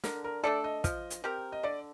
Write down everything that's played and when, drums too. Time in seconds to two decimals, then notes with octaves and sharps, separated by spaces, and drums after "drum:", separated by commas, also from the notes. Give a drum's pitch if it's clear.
0.04 D3 A#4, drum: snare
0.24 A#4
0.44 A3 D4 A4 D5
0.64 D#5
0.84 F3, drum: kick, hi-hat
1.10 drum: hi-hat
1.24 C4 G4 A#4
1.52 D#5
1.63 D3 D5